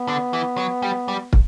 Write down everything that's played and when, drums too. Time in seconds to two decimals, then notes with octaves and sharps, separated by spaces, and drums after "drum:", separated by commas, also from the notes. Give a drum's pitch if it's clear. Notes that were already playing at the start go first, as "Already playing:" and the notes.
Already playing: B3
0.08 D3
0.33 E3
0.58 F#3
0.82 G3
1.08 G3
1.33 drum: kick